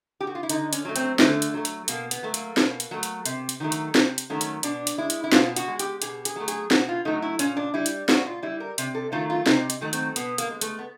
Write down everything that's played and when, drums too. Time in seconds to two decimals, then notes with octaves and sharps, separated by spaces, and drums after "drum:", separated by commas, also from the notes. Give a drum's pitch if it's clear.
0.20 G4
0.27 F#4
0.35 F4
0.43 E4
0.49 D3 D#4, drum: hi-hat
0.73 C#4, drum: hi-hat
0.85 F#3 A3
0.96 C4, drum: hi-hat
1.19 D3 A3, drum: snare
1.42 drum: hi-hat
1.54 F#3 A3
1.65 drum: hi-hat
1.88 B2 A#3, drum: hi-hat
2.11 B3, drum: hi-hat
2.23 F#3 A3
2.34 A#3, drum: hi-hat
2.57 B2, drum: snare
2.80 drum: hi-hat
2.91 F#3 A3
3.03 drum: hi-hat
3.26 C3, drum: hi-hat
3.49 drum: hi-hat
3.60 D#3 F#3 A3
3.72 drum: hi-hat
3.95 C3, drum: snare
4.18 drum: hi-hat
4.30 D#3 F#3 A3 C#4
4.41 drum: hi-hat
4.63 B2 D4, drum: hi-hat
4.87 drum: hi-hat
4.98 G#3 E4
5.10 drum: hi-hat
5.24 E4
5.32 B2 F4, drum: snare
5.56 F#4, drum: hi-hat
5.68 G#3
5.79 G4, drum: hi-hat
6.02 B2 G#4, drum: hi-hat
6.25 G#4, drum: hi-hat
6.36 F#3 A3
6.48 G#4, drum: hi-hat
6.71 B2 F#4, drum: snare
6.89 F4
7.05 F#3 A3 D#4
7.22 E4
7.39 A#2 C#4, drum: hi-hat
7.57 D4
7.74 G3 E4
7.86 drum: hi-hat
8.09 A#2 F#4, drum: snare
8.26 F4
8.43 G3 E4
8.60 A#4
8.78 C3, drum: hi-hat
8.95 A4
9.12 D#3 F#3 A3 F4
9.30 F4
9.46 C3 D#4, drum: snare
9.70 drum: hi-hat
9.81 D#3 F#3 A3
9.93 C4, drum: hi-hat
10.16 B2 B3, drum: hi-hat
10.38 A#3, drum: hi-hat
10.50 G#3
10.61 A3, drum: hi-hat
10.79 B3